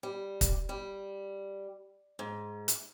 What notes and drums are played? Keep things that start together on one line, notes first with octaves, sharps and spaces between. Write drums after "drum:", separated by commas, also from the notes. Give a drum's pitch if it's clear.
G3
drum: kick, hi-hat
G3
G#2
drum: hi-hat